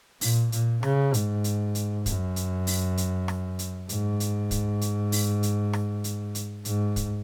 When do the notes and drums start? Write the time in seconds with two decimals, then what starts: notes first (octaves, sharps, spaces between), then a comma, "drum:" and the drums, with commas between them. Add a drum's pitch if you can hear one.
0.21 A#2, drum: open hi-hat
0.52 A#2, drum: hi-hat
0.83 C#3, drum: rim click
1.14 G#2, drum: hi-hat
1.44 drum: hi-hat
1.75 drum: hi-hat
2.06 F#2, drum: kick, hi-hat
2.36 drum: hi-hat
2.67 drum: open hi-hat
2.97 drum: hi-hat
3.28 drum: rim click
3.59 drum: hi-hat
3.89 G#2, drum: hi-hat
4.20 drum: hi-hat
4.51 drum: kick, hi-hat
4.81 drum: hi-hat
5.12 drum: open hi-hat
5.43 drum: hi-hat
5.73 drum: rim click
6.04 drum: hi-hat
6.35 drum: hi-hat
6.65 G#2, drum: hi-hat
6.96 drum: kick, hi-hat